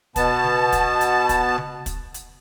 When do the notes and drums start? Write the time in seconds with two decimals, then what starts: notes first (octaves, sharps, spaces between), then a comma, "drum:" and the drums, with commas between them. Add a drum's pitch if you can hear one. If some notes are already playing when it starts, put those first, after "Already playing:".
0.16 B2 B3 A5, drum: kick, hi-hat
0.44 drum: tom C#3
0.73 drum: kick, hi-hat
1.01 drum: hi-hat
1.29 drum: kick, hi-hat
1.58 drum: tom C#3
1.86 drum: kick, hi-hat
2.14 drum: hi-hat